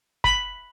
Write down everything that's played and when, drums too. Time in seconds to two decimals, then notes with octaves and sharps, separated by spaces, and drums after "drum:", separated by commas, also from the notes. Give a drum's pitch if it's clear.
0.24 B5, drum: kick